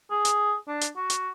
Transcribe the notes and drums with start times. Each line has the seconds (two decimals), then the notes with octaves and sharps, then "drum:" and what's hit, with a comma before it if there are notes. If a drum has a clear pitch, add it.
0.11 G#4
0.25 drum: hi-hat
0.68 D4
0.81 drum: hi-hat
0.96 F#4
1.10 drum: hi-hat